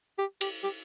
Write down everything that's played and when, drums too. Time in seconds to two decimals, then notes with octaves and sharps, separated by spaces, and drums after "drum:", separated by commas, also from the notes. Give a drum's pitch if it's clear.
0.18 G4
0.41 G4, drum: cymbal
0.63 G4